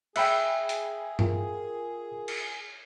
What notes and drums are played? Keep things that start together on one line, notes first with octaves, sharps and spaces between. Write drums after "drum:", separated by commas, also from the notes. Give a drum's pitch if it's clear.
G#4 E5 G5 B5 F#6, drum: cymbal
drum: hi-hat
F4 A#4, drum: tom G2
drum: cymbal